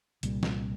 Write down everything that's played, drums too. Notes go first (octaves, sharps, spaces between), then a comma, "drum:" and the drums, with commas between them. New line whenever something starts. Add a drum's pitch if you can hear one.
C2 A#2 G3, drum: hi-hat
drum: snare